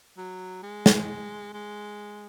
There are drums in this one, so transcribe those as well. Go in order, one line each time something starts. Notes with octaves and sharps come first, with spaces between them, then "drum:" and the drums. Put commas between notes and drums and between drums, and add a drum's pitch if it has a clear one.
F#3
G#3
drum: snare
G#3